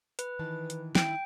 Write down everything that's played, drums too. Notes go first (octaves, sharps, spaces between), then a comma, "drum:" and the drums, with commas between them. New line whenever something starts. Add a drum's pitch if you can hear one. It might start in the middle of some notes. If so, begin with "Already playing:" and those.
B4, drum: hi-hat
D#3 E3 A5
drum: hi-hat
D#3 E4 G5, drum: snare